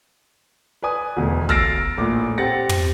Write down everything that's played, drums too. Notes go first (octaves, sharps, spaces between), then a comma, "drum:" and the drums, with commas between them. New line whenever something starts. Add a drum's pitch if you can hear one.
B4 D5 G#5 D#6
E1 D2
E6 F6 A6 A#6 C7 D7, drum: kick
A#1 A2 D6
C4 G4 F#5 A6 A#6 C#7
drum: tom